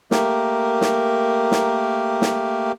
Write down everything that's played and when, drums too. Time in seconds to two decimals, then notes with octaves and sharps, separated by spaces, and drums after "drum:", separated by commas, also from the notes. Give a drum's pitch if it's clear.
0.11 A3 A#3 G4 A#4, drum: snare
0.81 drum: snare
1.51 drum: snare
2.22 drum: snare